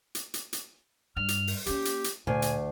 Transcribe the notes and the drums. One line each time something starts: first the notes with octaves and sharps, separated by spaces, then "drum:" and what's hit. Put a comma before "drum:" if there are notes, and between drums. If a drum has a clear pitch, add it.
drum: hi-hat
drum: hi-hat
drum: hi-hat
G2 F6
drum: hi-hat
drum: open hi-hat
A#3 C#4 G4, drum: hi-hat
drum: hi-hat
drum: hi-hat
D2 A#2 G#5
drum: hi-hat